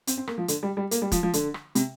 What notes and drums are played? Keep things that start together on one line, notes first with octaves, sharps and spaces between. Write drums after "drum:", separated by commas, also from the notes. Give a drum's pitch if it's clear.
C4, drum: hi-hat
C4
A#3, drum: rim click
F3
D3, drum: hi-hat
G3
G3
A#3, drum: hi-hat
G3
F3, drum: kick C#1, hi-hat
F3
D3, drum: hi-hat
drum: rim click
C3, drum: hi-hat